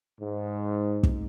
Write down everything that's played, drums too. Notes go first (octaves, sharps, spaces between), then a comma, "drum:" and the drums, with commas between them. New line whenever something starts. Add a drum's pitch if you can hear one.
G#2
drum: kick